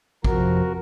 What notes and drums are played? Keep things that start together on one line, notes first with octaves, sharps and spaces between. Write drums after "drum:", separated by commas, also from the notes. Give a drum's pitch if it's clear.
F2 C3 F3 F#4 A#4, drum: kick